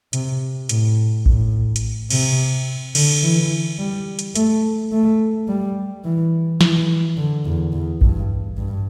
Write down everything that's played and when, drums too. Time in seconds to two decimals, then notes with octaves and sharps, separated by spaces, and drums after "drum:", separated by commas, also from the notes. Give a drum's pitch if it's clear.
0.13 C3, drum: hi-hat
0.69 A2, drum: hi-hat
1.26 A2, drum: kick A1
1.76 drum: hi-hat
2.10 C3, drum: cymbal
2.95 D3, drum: cymbal
3.23 E3
3.79 G3
4.19 drum: hi-hat
4.35 A3, drum: hi-hat
4.92 A3
5.48 G3
6.04 E3
6.61 E3, drum: snare
7.17 D3
7.45 E2
7.73 E2
8.01 G2, drum: kick A1
8.58 G2